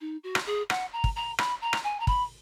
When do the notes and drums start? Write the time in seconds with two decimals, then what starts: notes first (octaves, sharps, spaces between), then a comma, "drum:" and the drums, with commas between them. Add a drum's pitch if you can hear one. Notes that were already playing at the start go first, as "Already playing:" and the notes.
0.01 D#4
0.23 F#4
0.35 drum: rim click
0.46 G#4
0.70 F#5, drum: rim click
0.93 A#5
1.04 drum: kick
1.16 A#5
1.38 B5, drum: rim click
1.61 A#5
1.73 drum: rim click
1.84 G#5
2.00 A#5
2.07 B5, drum: kick